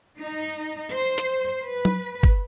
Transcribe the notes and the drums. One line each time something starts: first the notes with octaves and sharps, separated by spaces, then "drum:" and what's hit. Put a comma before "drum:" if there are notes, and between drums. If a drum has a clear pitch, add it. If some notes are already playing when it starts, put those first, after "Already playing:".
D#4
C5
drum: hi-hat
B4
drum: tom F#3
drum: kick